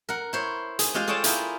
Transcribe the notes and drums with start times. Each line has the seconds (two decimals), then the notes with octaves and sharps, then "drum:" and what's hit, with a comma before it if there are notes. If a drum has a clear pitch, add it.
0.09 A#4 F#5
0.33 E4 C5 C#5
0.79 G#4, drum: hi-hat
0.94 G#3 F4 G4 C5 F5
1.08 G#4 A4 C#5 D5 G5 A5
1.24 E4 F4 G#4 A#4 G5, drum: hi-hat